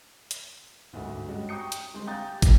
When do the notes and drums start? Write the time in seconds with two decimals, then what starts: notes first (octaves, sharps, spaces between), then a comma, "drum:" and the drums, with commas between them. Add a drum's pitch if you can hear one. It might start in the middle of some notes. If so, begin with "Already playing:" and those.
0.31 drum: hi-hat
0.93 G#1 D2 G2 A3 F#4
1.28 G3 G#3 C#4 F#4
1.49 G5 A#5 C#6 D#6 G6 C#7
1.72 drum: hi-hat
1.94 D3 G3 G#3 C4 C5
2.07 F5 G5 A#5 D#6 G6 A6
2.30 G4
2.42 drum: kick, hi-hat